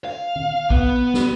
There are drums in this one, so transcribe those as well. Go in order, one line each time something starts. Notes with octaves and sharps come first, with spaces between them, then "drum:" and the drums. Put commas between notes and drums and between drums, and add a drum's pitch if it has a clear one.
F5
drum: tom D#3
B3, drum: kick
drum: snare